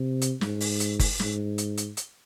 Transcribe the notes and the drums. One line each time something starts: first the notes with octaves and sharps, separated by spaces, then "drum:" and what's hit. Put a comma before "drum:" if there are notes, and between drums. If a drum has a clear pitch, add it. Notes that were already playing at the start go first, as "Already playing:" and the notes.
Already playing: C3
drum: hi-hat
G#2, drum: snare
drum: open hi-hat
drum: hi-hat
drum: kick F#1, open hi-hat
G#2, drum: snare
drum: hi-hat
drum: hi-hat
drum: hi-hat